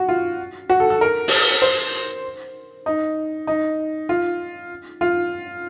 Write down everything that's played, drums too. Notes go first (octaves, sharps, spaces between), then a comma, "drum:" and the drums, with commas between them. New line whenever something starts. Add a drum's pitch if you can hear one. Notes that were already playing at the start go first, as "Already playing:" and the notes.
Already playing: F#4
F4
F#4
A4
A4
A#4
drum: open hi-hat
C5
D#4
D#4
F4
F4